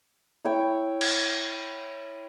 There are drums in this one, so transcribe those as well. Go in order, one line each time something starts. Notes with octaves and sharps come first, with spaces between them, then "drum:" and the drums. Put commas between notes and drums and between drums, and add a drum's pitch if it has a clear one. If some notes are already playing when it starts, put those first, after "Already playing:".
E4 C#5 G5
drum: cymbal